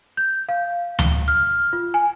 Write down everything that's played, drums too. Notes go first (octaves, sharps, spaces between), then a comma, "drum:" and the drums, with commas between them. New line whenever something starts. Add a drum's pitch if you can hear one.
G6
F5
G7, drum: tom D2
F6
F4
G#5